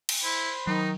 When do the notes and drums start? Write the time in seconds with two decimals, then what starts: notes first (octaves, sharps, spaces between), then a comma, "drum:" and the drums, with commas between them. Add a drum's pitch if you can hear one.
0.09 drum: cymbal
0.24 E4 C5 B5
0.67 D#3 F#3 D#4